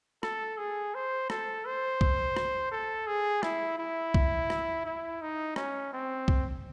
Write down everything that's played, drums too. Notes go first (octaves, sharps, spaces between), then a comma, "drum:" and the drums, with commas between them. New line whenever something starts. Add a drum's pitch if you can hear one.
A4, drum: rim click
G#4
C5
A4, drum: rim click
C5
drum: kick C2
drum: rim click
A4
G#4
E4, drum: rim click
E4
drum: kick C2
drum: rim click
E4
D#4
C#4, drum: rim click
C4
drum: kick C2